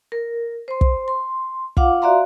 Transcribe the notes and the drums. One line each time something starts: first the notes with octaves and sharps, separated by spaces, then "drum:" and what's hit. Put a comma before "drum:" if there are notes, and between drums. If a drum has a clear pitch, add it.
A#4
C5 C6
drum: kick
C6
F4 F5 F#5 D6, drum: kick
F#4 D5 E5 F5 A#5 C6